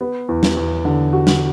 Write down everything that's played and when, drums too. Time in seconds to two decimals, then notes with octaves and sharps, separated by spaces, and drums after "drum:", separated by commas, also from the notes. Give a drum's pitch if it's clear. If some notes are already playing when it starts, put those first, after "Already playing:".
0.01 B3
0.29 E2
0.43 drum: snare
0.57 E2
0.85 D3
1.13 F#4
1.27 drum: snare